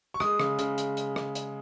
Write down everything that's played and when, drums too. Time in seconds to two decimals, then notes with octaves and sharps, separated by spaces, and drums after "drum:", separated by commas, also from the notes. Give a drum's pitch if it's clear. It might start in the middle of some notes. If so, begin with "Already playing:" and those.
0.14 C#6
0.20 G#3 D#6, drum: rim click
0.40 C#3, drum: rim click
0.59 C#3, drum: hi-hat
0.78 drum: hi-hat
0.97 drum: hi-hat
1.16 drum: rim click
1.35 drum: hi-hat